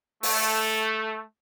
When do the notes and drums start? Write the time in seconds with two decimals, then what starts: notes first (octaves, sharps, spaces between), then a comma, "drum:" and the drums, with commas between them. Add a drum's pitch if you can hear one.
0.23 A3, drum: open hi-hat